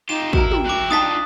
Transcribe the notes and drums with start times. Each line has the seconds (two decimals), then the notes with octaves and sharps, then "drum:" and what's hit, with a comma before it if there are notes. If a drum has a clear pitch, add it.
0.09 D#4 F4 G4 E7
0.33 E4 F#4 A#4 A#5, drum: kick
0.51 G5, drum: tom
0.66 F#3 E4 D6 F#6
0.91 D4 D#4 F4 A5 D#6 A6 B6